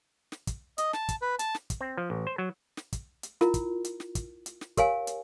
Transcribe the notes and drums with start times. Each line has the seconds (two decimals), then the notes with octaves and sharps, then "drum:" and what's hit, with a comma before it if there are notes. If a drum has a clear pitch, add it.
0.32 drum: snare
0.47 drum: kick, hi-hat
0.78 D#5, drum: hi-hat
0.93 A5, drum: snare
1.09 drum: kick, hi-hat
1.22 B4
1.39 A5, drum: hi-hat
1.55 drum: snare
1.70 drum: kick, hi-hat
1.81 C4
1.97 F3
2.10 A1
2.27 C5
2.38 F#3
2.77 drum: snare
2.93 drum: kick, hi-hat
3.23 drum: hi-hat
3.41 E4 F4 A#4, drum: snare
3.54 drum: kick, hi-hat
3.85 drum: hi-hat
4.00 drum: snare
4.15 drum: kick, hi-hat
4.46 drum: hi-hat
4.61 drum: snare
4.77 G4 A#4 C#5 F5 G#5, drum: kick, hi-hat
5.07 drum: hi-hat